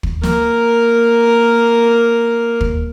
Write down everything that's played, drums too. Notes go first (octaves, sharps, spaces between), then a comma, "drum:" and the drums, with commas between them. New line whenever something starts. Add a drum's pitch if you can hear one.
drum: kick
A#3 A#4, drum: snare
drum: kick